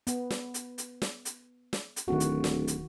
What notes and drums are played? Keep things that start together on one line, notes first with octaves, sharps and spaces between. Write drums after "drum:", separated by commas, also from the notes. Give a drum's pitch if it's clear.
B3, drum: hi-hat
drum: snare
drum: hi-hat
drum: hi-hat
drum: snare
drum: hi-hat
drum: snare
drum: hi-hat
D1 D#3 F#4
drum: hi-hat
drum: snare
drum: hi-hat